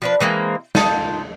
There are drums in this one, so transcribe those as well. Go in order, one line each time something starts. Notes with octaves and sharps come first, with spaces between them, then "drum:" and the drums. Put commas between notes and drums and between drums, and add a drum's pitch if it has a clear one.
F3 D4 B4
E3 G#3 A#3 C4
D#4 F4 A5, drum: snare